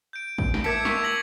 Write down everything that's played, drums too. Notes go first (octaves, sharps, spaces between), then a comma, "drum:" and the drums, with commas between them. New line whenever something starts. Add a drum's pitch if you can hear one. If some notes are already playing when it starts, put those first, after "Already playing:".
G6 D7
drum: kick
drum: snare
A#4 E5 A5 D6 G#6 C#7
C#6 B6 F7, drum: snare
A#6 F#7